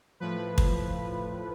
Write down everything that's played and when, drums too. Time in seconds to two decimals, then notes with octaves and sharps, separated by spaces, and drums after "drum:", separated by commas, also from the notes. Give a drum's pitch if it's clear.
0.20 A2 F3 B4
0.58 drum: kick